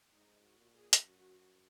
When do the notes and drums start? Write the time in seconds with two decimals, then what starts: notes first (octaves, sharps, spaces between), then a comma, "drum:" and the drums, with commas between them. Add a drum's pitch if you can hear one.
0.12 G#2 D#4
0.43 F#4
0.58 A#2
0.74 G#4
0.93 drum: hi-hat
1.04 F#2 F#4